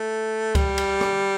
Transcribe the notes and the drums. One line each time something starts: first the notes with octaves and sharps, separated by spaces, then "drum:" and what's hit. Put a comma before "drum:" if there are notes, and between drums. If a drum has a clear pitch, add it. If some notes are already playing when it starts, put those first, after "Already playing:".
Already playing: A3
G3, drum: kick C#2, cymbal
drum: cymbal
drum: rim click